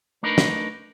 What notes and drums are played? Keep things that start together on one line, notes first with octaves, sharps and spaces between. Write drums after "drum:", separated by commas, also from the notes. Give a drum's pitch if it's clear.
A3 D4 D#4 A#4 B4
drum: snare